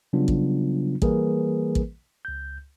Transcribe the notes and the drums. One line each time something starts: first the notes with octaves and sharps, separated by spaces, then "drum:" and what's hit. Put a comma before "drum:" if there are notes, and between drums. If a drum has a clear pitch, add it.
C#3 F#3 G3 B3 D4 F4
drum: kick
E3 G3 A#3 G#4 A#4 B4, drum: kick
drum: kick
C#2 G6